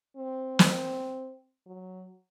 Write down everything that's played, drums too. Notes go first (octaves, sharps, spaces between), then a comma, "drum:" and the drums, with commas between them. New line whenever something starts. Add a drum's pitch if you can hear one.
C4
drum: snare
F#3